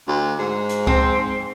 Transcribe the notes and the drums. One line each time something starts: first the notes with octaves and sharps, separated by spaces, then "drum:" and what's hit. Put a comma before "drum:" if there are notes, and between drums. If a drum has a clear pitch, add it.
D2
G#2
drum: hi-hat
C4, drum: kick C#2